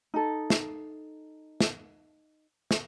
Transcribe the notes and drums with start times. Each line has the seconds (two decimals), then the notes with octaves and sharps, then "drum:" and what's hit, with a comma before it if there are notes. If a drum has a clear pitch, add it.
0.14 D#4 A4
0.50 drum: snare
1.61 drum: snare
2.71 drum: snare